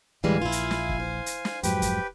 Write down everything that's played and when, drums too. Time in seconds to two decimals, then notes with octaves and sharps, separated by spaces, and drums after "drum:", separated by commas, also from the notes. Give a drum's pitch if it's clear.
0.24 D2 A2 E3 G3 G#3 F5 G#5
0.42 A#1 E4 F4
0.52 drum: hi-hat
0.71 drum: snare
0.89 drum: kick
1.00 C5
1.26 drum: hi-hat
1.45 drum: snare
1.63 F2 G#2 F#3 G4 B4 G5, drum: hi-hat
1.82 drum: kick, hi-hat